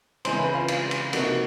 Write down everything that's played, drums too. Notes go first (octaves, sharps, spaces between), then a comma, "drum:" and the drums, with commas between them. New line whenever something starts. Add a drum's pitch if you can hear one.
C#3 E3 G#3 C4 E4 C5 C6, drum: cymbal
B4 B5
F4 F5
F4 F5, drum: cymbal
drum: cymbal
C3 F3 A#3 D#4 F#4 F#5, drum: cymbal